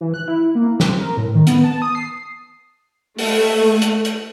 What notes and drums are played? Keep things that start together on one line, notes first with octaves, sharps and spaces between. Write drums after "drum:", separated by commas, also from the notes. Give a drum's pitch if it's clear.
E3
F#6
E4
A#3
C4, drum: snare
A#4
A2
D#3
B3, drum: hi-hat
A5
D#6
C7
A3, drum: open hi-hat
drum: hi-hat
drum: hi-hat